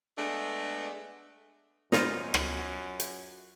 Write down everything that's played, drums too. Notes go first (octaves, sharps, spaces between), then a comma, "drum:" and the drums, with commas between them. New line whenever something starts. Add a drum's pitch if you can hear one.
G#3 A3 B3 D4
F#2 D#4 F4 C5, drum: snare
drum: rim click
drum: hi-hat